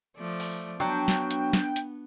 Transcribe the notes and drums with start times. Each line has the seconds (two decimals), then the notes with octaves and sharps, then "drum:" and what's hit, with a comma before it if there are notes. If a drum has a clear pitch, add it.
0.17 F3 A3 D5
0.40 drum: open hi-hat
0.80 F#3 B3 D4 G5
1.08 drum: snare
1.31 drum: hi-hat
1.53 drum: snare
1.76 drum: hi-hat